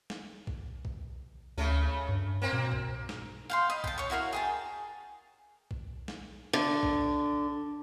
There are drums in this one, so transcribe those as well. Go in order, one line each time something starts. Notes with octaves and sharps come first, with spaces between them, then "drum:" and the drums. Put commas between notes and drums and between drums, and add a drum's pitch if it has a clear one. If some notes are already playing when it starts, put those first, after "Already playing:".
drum: snare
drum: kick A#1
drum: kick A#1
D2 C#3 A3
G2
A#3 C4
B2
drum: kick A#1
drum: snare
F5 G5 C6
D#5 B5
G5 A5, drum: kick A#1
C#5 C#6
E4 F#4 A#4 F5
G#4 G5 A5
drum: kick A#1
drum: snare
D3
drum: kick A#1